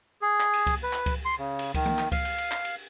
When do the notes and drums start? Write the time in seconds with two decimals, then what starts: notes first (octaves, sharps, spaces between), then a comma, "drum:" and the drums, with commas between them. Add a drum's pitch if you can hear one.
0.22 G#4
0.40 drum: clap
0.53 drum: cymbal
0.67 drum: kick C#2, cymbal
0.83 B4
0.93 drum: clap
1.06 drum: kick C#2, cymbal
1.25 C6
1.38 C#3
1.59 drum: cymbal
1.74 D#3, drum: kick C#2, cymbal
1.85 drum: tom E3
1.99 drum: clap
2.12 F5, drum: kick C#2, cymbal
2.25 drum: cymbal
2.38 drum: cymbal
2.51 drum: clap
2.65 drum: cymbal